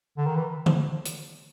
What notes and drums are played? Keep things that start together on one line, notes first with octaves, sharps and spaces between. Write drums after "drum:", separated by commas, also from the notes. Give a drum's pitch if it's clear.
D3
D#3
E3
F3, drum: tom D3
drum: hi-hat